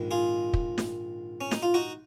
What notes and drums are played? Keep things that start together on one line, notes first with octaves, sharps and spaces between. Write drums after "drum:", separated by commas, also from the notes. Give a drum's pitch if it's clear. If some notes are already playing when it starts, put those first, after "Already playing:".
Already playing: A#1 G#2 D#3
F4 G#4
drum: kick
drum: snare
C#4
D#4, drum: snare
F4
D#4 F#4